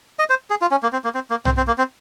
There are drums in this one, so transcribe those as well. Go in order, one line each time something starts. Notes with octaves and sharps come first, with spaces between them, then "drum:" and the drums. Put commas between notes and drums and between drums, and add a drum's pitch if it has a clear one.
D#5
C5
G#4
F4
C#4
A#3
C4
A#3
C4
A#3
C4, drum: tom
C4
A#3
C4